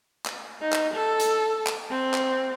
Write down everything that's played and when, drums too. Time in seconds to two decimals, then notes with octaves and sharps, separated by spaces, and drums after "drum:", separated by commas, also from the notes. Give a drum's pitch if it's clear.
0.26 drum: clap
0.62 D#4
0.73 drum: clap
0.94 A4
1.20 drum: hi-hat
1.67 drum: clap
1.90 C4
2.14 drum: clap